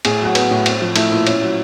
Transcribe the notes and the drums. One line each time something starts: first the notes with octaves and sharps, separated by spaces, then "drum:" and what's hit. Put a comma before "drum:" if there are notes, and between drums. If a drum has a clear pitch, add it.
A2 G#4, drum: cymbal
F#3 F#4
B3, drum: cymbal
A2
C4, drum: cymbal
F3
A3 E4, drum: cymbal
A#2 E4
C#4, drum: cymbal
F#3